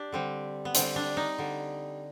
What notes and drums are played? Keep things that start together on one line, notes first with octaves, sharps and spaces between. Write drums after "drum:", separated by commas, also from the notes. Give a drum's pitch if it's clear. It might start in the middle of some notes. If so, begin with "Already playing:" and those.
Already playing: D4 G4
D3 G3 C4
B3
D3 G3 C4, drum: hi-hat
D4
D#4
D3 G3